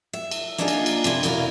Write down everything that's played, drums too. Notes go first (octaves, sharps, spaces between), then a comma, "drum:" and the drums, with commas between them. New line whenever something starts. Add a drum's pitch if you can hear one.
E5
drum: cymbal
A#3 D4 D#4 F4 G4 G#4
drum: cymbal
drum: cymbal
C3 D4 E4, drum: cymbal
E2 B2 E4 A#4 F5, drum: cymbal